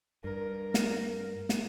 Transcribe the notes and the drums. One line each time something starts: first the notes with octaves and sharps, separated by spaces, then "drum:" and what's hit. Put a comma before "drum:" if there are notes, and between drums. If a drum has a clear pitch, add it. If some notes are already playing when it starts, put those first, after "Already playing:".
G2 A#4
drum: snare
drum: snare